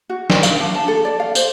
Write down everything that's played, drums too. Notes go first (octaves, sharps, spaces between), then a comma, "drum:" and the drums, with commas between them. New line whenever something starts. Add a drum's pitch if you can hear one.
F#4
drum: snare
F5, drum: tambourine
D4
A5
A4
D5
F5
C5, drum: tambourine